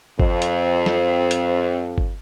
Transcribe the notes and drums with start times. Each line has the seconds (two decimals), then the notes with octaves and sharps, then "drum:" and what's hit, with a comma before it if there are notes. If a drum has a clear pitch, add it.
0.20 F2 C4, drum: kick G1
0.42 drum: hi-hat
0.86 drum: snare
1.31 drum: hi-hat
1.98 drum: kick G1